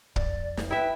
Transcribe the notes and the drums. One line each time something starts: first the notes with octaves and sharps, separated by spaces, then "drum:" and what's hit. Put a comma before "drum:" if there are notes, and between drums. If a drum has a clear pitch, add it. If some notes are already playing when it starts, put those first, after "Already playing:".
F2 D5, drum: kick
drum: snare
E4 B4 E5 G5